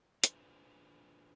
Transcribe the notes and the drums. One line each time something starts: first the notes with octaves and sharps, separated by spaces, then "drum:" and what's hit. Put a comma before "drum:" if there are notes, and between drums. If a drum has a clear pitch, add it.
D4 F4 G#4 B4 C5, drum: hi-hat